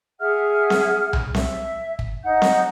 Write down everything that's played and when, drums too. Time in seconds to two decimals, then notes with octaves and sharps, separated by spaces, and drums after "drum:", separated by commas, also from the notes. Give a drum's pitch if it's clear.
0.19 G#4 E5 F#5 F6
0.70 drum: snare C4
1.13 drum: tom C2
1.34 E5, drum: snare C4
1.99 drum: kick
2.23 D#4 F#5 G6
2.42 drum: snare C4